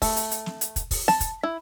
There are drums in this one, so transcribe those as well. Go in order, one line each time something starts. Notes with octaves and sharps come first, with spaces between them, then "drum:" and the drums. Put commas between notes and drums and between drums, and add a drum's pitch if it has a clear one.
A3, drum: kick, open hi-hat
drum: hi-hat
drum: hi-hat
drum: snare
drum: hi-hat
drum: kick, hi-hat
drum: kick, open hi-hat
A5, drum: snare
drum: kick, hi-hat
E4